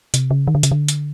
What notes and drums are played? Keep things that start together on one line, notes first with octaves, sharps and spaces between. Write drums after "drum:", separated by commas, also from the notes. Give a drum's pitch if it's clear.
C3, drum: hi-hat
C#3
D#3
D3
C#3, drum: hi-hat
D3
drum: hi-hat